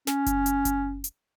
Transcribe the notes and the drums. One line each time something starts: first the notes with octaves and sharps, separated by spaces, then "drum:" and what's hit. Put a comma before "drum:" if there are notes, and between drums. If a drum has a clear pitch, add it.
C#4, drum: snare
drum: kick F#1, hi-hat
drum: hi-hat
drum: kick F#1, hi-hat
drum: hi-hat